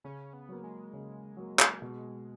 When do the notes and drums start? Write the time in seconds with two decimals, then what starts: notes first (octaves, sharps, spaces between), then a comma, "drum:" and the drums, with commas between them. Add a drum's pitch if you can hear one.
0.04 C#3 C#4
0.33 B3
0.49 F#3 A#3
0.63 G#3
0.93 C#3
1.37 F#3 A#3
1.59 drum: clap
1.82 B2